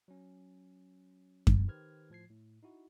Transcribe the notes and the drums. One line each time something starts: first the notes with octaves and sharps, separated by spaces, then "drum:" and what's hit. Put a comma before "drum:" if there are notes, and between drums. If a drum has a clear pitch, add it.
F#3 C#4
drum: kick F#2
D#3 G4 B4 C5 F6 G#6
A2 F3 G#6 C7
A2
D#4 E4 F#4